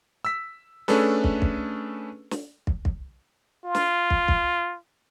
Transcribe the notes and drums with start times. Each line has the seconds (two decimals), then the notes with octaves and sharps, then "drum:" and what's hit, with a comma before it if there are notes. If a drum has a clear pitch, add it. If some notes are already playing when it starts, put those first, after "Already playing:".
0.25 E6 B6
0.88 A3 C#4 D4 G#4 A4 B4, drum: snare
1.24 drum: kick
1.42 drum: kick
2.31 drum: snare
2.67 drum: kick
2.85 drum: kick
3.65 F4
3.75 drum: snare
4.10 drum: kick
4.28 drum: kick